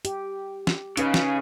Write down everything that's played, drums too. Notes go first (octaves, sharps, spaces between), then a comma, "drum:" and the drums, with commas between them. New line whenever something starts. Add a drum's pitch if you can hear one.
G4, drum: hi-hat
drum: snare
C#3 D#4 B4 F5, drum: hi-hat
drum: snare